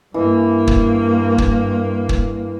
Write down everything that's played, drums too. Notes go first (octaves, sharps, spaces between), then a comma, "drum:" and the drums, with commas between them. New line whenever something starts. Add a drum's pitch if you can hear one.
G2 E3 A#3
drum: kick
drum: kick
drum: kick